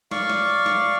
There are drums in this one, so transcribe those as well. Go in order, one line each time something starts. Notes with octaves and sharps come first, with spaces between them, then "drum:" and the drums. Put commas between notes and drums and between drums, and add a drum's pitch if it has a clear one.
D5 F5 C#6, drum: snare
drum: snare
drum: snare